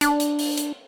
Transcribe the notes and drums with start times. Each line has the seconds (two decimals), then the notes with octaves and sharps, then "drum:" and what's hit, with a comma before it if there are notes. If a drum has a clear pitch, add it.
0.01 D4, drum: hi-hat
0.20 drum: hi-hat
0.39 drum: open hi-hat
0.58 drum: hi-hat